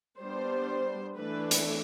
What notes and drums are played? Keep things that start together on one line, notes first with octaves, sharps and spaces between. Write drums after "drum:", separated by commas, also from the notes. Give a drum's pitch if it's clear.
G3 B3 D4 C5
E3 A3 D4 B4
drum: hi-hat